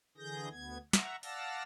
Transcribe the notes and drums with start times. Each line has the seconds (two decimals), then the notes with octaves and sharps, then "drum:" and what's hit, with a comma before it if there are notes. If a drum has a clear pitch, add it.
0.17 D3 E3 G#4 G6 A#6
0.51 D2 B3 G#6
0.93 E5 F#5 A#5 C#6, drum: snare
1.23 D5 F5 F#5 A5 E6 A#6, drum: open hi-hat